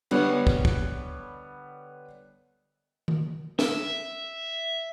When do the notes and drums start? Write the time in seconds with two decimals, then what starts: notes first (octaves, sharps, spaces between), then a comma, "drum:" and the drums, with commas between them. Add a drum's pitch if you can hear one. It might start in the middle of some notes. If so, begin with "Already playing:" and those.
0.11 D3 G3 B3 C#5, drum: cymbal
0.47 drum: kick
0.65 drum: kick
3.08 drum: tom D#3
3.59 E5, drum: snare